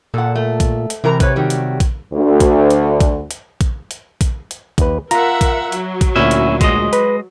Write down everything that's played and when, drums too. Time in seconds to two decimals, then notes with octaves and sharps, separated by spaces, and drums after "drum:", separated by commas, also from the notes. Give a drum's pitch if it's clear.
0.14 A#2 A4 F#5
0.35 A3
0.60 drum: kick A#1, hi-hat
0.90 drum: hi-hat
1.04 C3 E3 A#4 A#5
1.20 B4 C#5, drum: kick A#1, hi-hat
1.36 D#3 F#3 G3
1.50 drum: hi-hat
1.80 drum: kick A#1, hi-hat
2.13 D2
2.40 drum: kick A#1, hi-hat
2.70 drum: hi-hat
3.01 drum: kick A#1, hi-hat
3.31 drum: hi-hat
3.61 drum: kick A#1, hi-hat
3.91 drum: hi-hat
4.21 drum: kick A#1, hi-hat
4.51 drum: hi-hat
4.78 D#2 B4, drum: kick A#1, hi-hat
5.11 F4 A#4 E5 F#5 A#5, drum: hi-hat
5.41 drum: kick A#1, hi-hat
5.72 F#3, drum: hi-hat
6.01 drum: kick A#1, hi-hat
6.16 D2 A#2 C#4 E4 E5
6.31 drum: hi-hat
6.61 G#3 D#5, drum: kick A#1, hi-hat
6.93 B4, drum: hi-hat